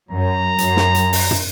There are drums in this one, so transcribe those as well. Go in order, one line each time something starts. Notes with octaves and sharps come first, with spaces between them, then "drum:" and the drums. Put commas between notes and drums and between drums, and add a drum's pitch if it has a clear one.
F#2 A#5
F#2, drum: hi-hat
drum: snare
drum: hi-hat
drum: open hi-hat
drum: tom